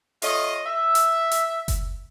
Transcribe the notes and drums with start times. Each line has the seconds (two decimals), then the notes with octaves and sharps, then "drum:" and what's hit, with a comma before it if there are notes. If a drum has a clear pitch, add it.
0.22 A3 F4 C#5 D#5, drum: open hi-hat
0.66 E5
0.95 drum: hi-hat
1.32 drum: hi-hat
1.68 drum: kick F#1, hi-hat